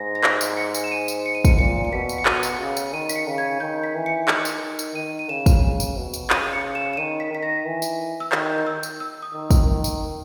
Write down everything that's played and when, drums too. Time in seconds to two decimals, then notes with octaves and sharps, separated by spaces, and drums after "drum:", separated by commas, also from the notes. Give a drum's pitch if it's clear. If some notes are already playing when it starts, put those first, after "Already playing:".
Already playing: G#2 A#6
0.15 A#6
0.24 B6, drum: clap
0.41 drum: tambourine
0.57 C#7
0.74 drum: tambourine
0.84 E7
0.91 D#7
1.08 drum: tambourine
1.26 C#7
1.35 D#7
1.45 C#7, drum: kick, tambourine
1.59 A#2 C#7
1.85 C#7
1.92 B2 B6
2.09 drum: tambourine
2.18 C#7
2.25 B2 D#7, drum: clap
2.43 drum: tambourine
2.60 C#3
2.77 drum: tambourine
2.93 D#3 D#7
3.09 B6, drum: tambourine
3.16 C#7
3.27 C#3
3.38 G#6
3.60 D#3 G6
3.84 B6
3.95 E3
4.06 C#7
4.28 D#3, drum: clap
4.45 drum: tambourine
4.79 drum: tambourine
4.95 D#3 D#7
5.19 D#7
5.29 C#3 E7
5.46 drum: kick, tambourine
5.63 C#3
5.80 drum: tambourine
5.97 B2
6.14 drum: tambourine
6.30 C#3 D#7, drum: clap
6.53 C#7
6.75 E7
6.93 E7
6.97 D#3 D#7
7.20 B6
7.32 D#3 B6
7.43 A#6
7.65 E3
7.82 drum: tambourine
8.20 E6
8.32 D#3 G6, drum: clap
8.58 G6
8.67 E6
8.83 drum: tambourine
9.00 E6
9.22 D#6
9.34 D#3
9.51 drum: kick, tambourine
9.68 D#3
9.84 drum: tambourine